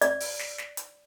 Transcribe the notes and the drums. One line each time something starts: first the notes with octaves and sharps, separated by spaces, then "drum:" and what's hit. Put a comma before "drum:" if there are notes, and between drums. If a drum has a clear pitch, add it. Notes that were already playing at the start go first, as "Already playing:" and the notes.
D5, drum: hi-hat
drum: open hi-hat
drum: snare
drum: snare
drum: hi-hat